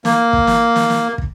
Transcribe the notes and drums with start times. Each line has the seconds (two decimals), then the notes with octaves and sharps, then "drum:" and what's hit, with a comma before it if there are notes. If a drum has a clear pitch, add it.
0.05 A#3, drum: snare
0.33 drum: kick
0.47 drum: snare
0.76 drum: snare
0.90 drum: snare
1.18 drum: kick